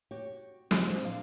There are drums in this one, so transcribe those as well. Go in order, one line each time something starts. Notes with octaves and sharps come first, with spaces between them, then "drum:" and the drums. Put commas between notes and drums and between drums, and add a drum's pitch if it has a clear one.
F#4 G4 C#5
G#3 F4, drum: snare
G#3 C4 D4 C5
A#2 D4 F5